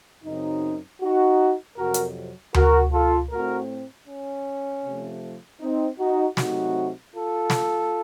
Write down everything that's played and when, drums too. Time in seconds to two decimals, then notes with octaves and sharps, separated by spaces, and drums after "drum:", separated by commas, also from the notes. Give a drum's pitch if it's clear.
0.24 F#2 C#3 F#3 C4 D#4
1.01 D#4 F#4
1.77 F2 C3 F#3 F#4 A#4
1.94 drum: hi-hat
2.54 F#4 A#4, drum: tom D2
2.93 F4 A4
3.31 A2 A3 C4 F#4 A#4
4.08 C#4
4.84 C3 F3 A3
5.61 C4 D#4
5.99 D#4 F#4
6.37 C3 F#3 A3 C4 D#4 F#4, drum: snare
7.14 F4 A4
7.50 drum: snare